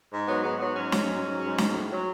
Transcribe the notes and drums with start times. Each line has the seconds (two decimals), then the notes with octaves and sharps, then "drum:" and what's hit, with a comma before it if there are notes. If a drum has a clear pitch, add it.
0.11 G#2
0.27 F#3 B3
0.43 G#2 B3
0.60 F#3 B3
0.76 G#2 C#4
0.92 F#3, drum: snare
1.09 G#2
1.25 F#3
1.42 G#2
1.58 F#3, drum: snare
1.75 A2
1.91 F#3